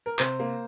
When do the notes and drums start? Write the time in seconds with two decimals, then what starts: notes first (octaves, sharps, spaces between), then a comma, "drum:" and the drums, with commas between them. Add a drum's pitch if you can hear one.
0.06 A#4
0.19 C3 C5, drum: clap
0.40 A#3